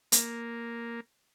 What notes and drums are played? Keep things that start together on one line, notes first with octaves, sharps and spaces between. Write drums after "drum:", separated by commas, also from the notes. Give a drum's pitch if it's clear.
A#3, drum: hi-hat